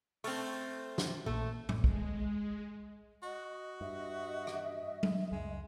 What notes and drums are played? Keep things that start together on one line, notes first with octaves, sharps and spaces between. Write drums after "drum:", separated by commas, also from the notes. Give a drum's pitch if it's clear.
A3 C4 C#6 F6 A6, drum: open hi-hat
drum: snare
A#1 A#2 A3
drum: tom A2
G#3, drum: kick
F#4 D#5
G2 E5
drum: rim click
drum: tom F#3
C#2 F#2 G#3